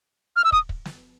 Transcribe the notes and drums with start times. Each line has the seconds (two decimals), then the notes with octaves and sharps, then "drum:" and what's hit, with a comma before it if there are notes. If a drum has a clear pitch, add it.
0.36 F6
0.44 E6
0.52 D#6, drum: kick
0.69 drum: kick
0.85 drum: snare